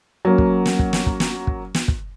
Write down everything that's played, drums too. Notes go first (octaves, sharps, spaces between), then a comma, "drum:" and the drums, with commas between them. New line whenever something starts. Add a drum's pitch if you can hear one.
F#3 A#3 C#4
drum: kick
drum: snare
drum: kick
drum: snare
drum: kick
drum: snare
drum: kick
drum: snare
drum: kick